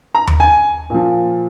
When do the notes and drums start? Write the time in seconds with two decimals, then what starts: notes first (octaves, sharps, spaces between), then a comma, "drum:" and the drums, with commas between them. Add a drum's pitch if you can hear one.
0.15 A#5
0.27 drum: tom D#2
0.40 G#5
0.90 A#2 F3